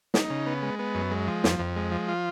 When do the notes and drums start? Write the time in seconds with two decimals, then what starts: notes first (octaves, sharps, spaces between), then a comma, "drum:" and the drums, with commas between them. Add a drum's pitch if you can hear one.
0.14 D#4, drum: snare
0.30 C#3
0.46 B3
0.62 G#3
0.79 B3
0.95 F#2
1.11 G#3
1.27 F3
1.44 F2, drum: snare
1.59 F2
1.76 G#3
1.92 F3
2.08 F4